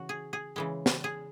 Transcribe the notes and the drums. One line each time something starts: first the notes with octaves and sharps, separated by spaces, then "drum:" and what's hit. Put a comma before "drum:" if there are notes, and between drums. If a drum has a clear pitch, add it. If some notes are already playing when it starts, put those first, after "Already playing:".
Already playing: C#3 E3 F#4
G#4
G#4
C#3 E3 G#3
drum: snare
G#4